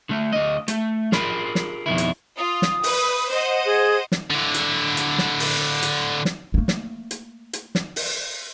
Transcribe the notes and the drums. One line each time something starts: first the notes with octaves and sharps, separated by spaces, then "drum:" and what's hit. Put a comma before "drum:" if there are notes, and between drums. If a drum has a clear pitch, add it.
D3 A3
D2 D#5
A3, drum: hi-hat
F4 G#4 A#4 B5, drum: snare
drum: snare
F2 B2 D#3 E4
drum: hi-hat
F4 D#6
drum: snare
B4, drum: open hi-hat
C5 D#5 F#5
G#4
drum: snare
D3 E4
drum: hi-hat
drum: hi-hat
drum: snare
drum: open hi-hat
drum: hi-hat
drum: snare
A3 A#3
drum: snare
drum: hi-hat
drum: hi-hat
drum: snare
drum: open hi-hat